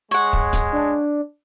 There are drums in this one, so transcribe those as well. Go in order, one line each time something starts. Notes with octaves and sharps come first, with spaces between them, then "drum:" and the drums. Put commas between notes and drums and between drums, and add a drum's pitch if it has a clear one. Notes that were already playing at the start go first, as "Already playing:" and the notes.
G#3 C#5 F#5
drum: kick
drum: kick, hi-hat
D4